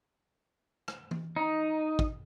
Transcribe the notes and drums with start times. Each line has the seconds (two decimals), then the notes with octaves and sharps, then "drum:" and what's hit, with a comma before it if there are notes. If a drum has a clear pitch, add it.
0.88 drum: rim click
1.11 drum: tom E3
1.36 D#4
1.99 drum: kick